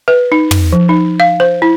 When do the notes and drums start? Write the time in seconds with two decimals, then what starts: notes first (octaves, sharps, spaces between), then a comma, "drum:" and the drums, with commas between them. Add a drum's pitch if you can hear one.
0.08 B4
0.32 D#4
0.51 drum: tom
0.72 F3
0.89 D#4
1.20 F5
1.40 C5
1.62 E4